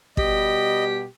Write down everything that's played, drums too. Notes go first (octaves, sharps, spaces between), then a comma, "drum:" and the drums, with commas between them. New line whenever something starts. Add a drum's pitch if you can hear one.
B2 G3 G4 D#5, drum: kick